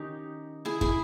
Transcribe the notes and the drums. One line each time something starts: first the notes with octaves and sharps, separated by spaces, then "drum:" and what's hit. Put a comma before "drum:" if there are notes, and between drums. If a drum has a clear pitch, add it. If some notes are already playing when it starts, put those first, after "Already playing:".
Already playing: D#3 C#4 D#4 G4
E4 G#4
E4 G#4, drum: kick